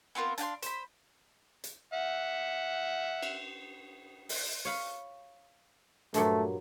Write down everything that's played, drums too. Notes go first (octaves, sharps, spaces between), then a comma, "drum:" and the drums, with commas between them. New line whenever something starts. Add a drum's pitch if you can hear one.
B3 C4 F4 A#4
D4 F5 G5 C6, drum: hi-hat
C5 B5, drum: hi-hat
drum: hi-hat
E5 F#5
drum: cymbal
drum: open hi-hat
C#5 F5 B5
G2 A#2 F#3 A3, drum: hi-hat